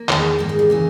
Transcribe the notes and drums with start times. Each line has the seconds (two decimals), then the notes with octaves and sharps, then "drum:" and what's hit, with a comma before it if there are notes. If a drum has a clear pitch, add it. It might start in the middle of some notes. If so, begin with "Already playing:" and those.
Already playing: A#3
0.09 E2 D#3, drum: clap
0.39 G#2 D#3 A#3
0.49 G#3
0.59 G3
0.70 C#3 E3 A#3